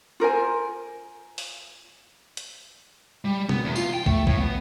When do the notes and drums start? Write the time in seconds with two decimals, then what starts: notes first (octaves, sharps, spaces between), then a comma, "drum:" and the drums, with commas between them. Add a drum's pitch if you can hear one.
0.20 F4 A#4 C5 G#5
1.38 drum: open hi-hat
2.37 drum: hi-hat
3.25 G3
3.49 B3, drum: tom B2
3.64 E2
3.76 F4, drum: tambourine
3.94 G5
4.06 A3, drum: kick
4.27 A2, drum: kick
4.38 B3